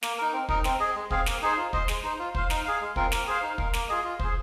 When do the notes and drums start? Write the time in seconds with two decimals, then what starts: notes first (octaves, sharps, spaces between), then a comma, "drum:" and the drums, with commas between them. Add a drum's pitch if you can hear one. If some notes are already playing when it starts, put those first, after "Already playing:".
0.03 A#3, drum: snare
0.18 D#4 A#4
0.33 C4
0.49 D#4 A#4 D#5, drum: kick
0.64 C4, drum: snare
0.80 G#4 D#5
0.95 G#3
1.11 C4 G#4 F5, drum: kick
1.26 A#3, drum: snare
1.42 D#4 G#4 C5
1.57 F4
1.73 C5 D#5, drum: kick
1.88 G#3, drum: snare
2.03 D#4 C5
2.19 F4
2.35 C5 F5, drum: kick
2.50 D#4, drum: snare
2.65 G#4 F5
2.81 G#3
2.96 C4 F4 A#4, drum: kick
3.12 A#3, drum: snare
3.27 G#4 C5 F5
3.43 D#4
3.58 A#4 F5, drum: kick
3.73 A#3, drum: snare
3.89 F4 G#4 D#5
4.04 F4
4.19 G#4 C5, drum: kick